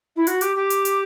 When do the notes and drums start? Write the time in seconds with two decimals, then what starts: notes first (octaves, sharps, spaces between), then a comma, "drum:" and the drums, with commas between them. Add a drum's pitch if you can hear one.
0.16 E4
0.27 F#4, drum: hi-hat
0.41 G4, drum: hi-hat
0.55 G4
0.70 drum: hi-hat
0.85 drum: hi-hat